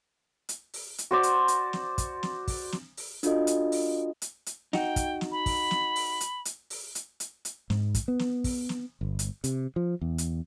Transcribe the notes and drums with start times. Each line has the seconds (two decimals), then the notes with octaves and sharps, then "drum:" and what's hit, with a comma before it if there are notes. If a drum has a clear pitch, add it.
0.49 drum: hi-hat
0.74 drum: open hi-hat
0.98 drum: hi-hat
1.11 F#4 C5 D5
1.23 drum: hi-hat
1.48 drum: hi-hat
1.73 drum: snare
1.98 drum: kick, hi-hat
2.23 drum: snare
2.48 drum: kick, open hi-hat
2.72 drum: snare
2.97 drum: open hi-hat
3.23 D4 F4 F#4 A4 D#5, drum: hi-hat
3.47 drum: hi-hat
3.72 drum: open hi-hat
4.22 drum: hi-hat
4.46 drum: hi-hat
4.73 D#4 F#4 G5, drum: snare
4.96 drum: kick, hi-hat
5.21 drum: snare
5.32 B5
5.46 drum: kick, open hi-hat
5.71 drum: snare
5.96 drum: open hi-hat
6.21 drum: hi-hat
6.45 drum: hi-hat
6.70 drum: open hi-hat
6.95 drum: hi-hat
7.20 drum: hi-hat
7.45 drum: hi-hat
7.70 G#2, drum: snare
7.95 drum: kick, hi-hat
8.08 B3
8.19 drum: snare
8.44 drum: kick, open hi-hat
8.69 drum: snare
9.01 G1
9.19 drum: hi-hat
9.44 C3, drum: hi-hat
9.76 F3
10.02 E2
10.18 drum: hi-hat